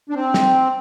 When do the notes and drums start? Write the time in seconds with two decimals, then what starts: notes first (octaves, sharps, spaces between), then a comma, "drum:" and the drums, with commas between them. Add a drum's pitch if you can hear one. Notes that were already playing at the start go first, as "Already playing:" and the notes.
0.10 D4
0.14 C4
0.34 drum: snare